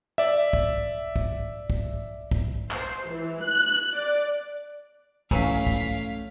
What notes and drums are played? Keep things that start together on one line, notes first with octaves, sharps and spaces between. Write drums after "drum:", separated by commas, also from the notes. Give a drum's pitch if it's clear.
D5 E5
drum: kick
drum: kick
drum: kick
drum: kick
C5, drum: clap
E3
F#6
D5
E3 F#3 A3 C#4 F5 B6, drum: kick
drum: kick